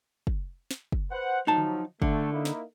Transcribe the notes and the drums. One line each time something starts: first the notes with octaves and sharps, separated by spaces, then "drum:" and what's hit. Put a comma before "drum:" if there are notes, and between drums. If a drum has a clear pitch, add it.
drum: kick
drum: snare
drum: kick
B4 C5 F#5
F3 F#3 D#4 A5
drum: tom D3
D3 A3, drum: kick
A#3 D#4 E4
drum: snare